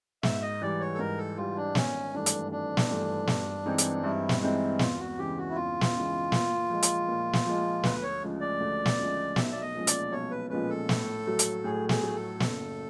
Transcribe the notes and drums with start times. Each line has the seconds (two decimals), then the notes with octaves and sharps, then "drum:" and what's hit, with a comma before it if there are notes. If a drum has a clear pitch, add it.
0.23 G#2 E5, drum: snare
0.42 D#5
0.62 E3 G3 D5
0.80 C#5
0.95 A4
0.99 G#2 A#4
1.18 A4
1.37 E3 G3 F4
1.56 D4
1.75 G#1 C#4, drum: snare
2.13 G2 E3 A3 D4
2.26 drum: hi-hat
2.52 G#1 D4
2.77 drum: snare
2.89 G2 E3 A3
3.27 G2, drum: snare
3.66 E3 G#3 C4 D#4
3.78 drum: hi-hat
4.03 G2 E4
4.29 drum: snare
4.42 E3 G#3 C4 D#4 E4
4.79 E2 F4, drum: snare
4.99 F#4
5.17 C#3 E3 G#3 G4
5.37 F#4
5.50 E4
5.55 E2 F4
5.81 drum: snare
5.94 C#3 E3 G#3
6.32 A#2, drum: snare
6.70 F3 G#3
6.83 drum: hi-hat
7.08 A#2
7.33 drum: snare
7.46 F3 G#3
7.83 D2 B4, drum: snare
8.03 C#5
8.22 C#3 F3 G#3
8.41 D5
8.60 D2
8.86 drum: snare
8.98 C#3 F3 G#3
9.36 B1 E5, drum: snare
9.52 D5
9.61 D#5
9.75 A#2 F3 G#3 C#4
9.87 D5, drum: hi-hat
10.12 B1 C#5
10.31 B4
10.50 A#2 F3 G#3 C#4 B4
10.70 A4
10.89 A2, drum: snare
11.26 F#3 A3
11.39 drum: hi-hat
11.64 A2 G#4
11.89 G#4, drum: snare
12.03 F#3 A3
12.15 A4
12.40 F#1, drum: snare